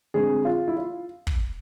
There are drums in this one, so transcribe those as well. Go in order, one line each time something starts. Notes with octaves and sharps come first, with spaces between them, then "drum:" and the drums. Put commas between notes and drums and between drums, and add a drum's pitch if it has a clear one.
D3 G#3 C4 G#4
F4
E4
F4
drum: kick